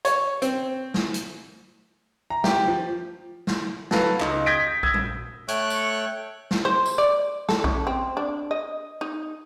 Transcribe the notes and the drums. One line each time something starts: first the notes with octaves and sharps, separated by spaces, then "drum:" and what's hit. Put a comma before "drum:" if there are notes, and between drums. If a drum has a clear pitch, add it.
C#5, drum: hi-hat
C4, drum: hi-hat
drum: snare
drum: hi-hat
A#5
G4, drum: snare
F3
drum: snare
F#3 A4 B4 F5, drum: snare
C#2 D#4, drum: clap
D#6 G6 G#6 A#6 B6 D7
D#6 E6 G#6, drum: kick A#1
drum: tom
A3 C#5 G5 C#6 F#6, drum: hi-hat
drum: tambourine
drum: snare
C5
drum: tambourine
D5
A4, drum: snare
C#4, drum: kick A#1
C4
D4
D#5
D#4